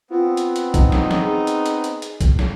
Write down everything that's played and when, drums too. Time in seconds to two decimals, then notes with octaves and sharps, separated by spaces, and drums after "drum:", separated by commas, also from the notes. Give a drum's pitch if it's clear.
0.10 B3 C4 F4
0.37 drum: hi-hat
0.56 drum: hi-hat
0.74 D#4, drum: kick, hi-hat
0.92 drum: snare
1.11 drum: snare
1.21 G#4
1.47 drum: hi-hat
1.66 drum: hi-hat
1.84 drum: hi-hat
2.02 drum: hi-hat
2.21 drum: kick, hi-hat
2.39 drum: snare